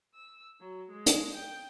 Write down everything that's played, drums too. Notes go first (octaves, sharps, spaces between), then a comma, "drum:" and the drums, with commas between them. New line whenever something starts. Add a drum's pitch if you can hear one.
E6
F#3
G#3
drum: hi-hat
G5